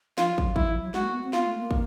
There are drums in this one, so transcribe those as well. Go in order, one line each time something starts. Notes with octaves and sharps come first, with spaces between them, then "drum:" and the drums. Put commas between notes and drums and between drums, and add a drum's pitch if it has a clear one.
F3 F4, drum: snare
F#3, drum: kick
F#3 E4, drum: kick
F3
F#3
G#3 F#4, drum: snare
A#3
B3
C4
B3 F4, drum: snare
A3
A#3
drum: kick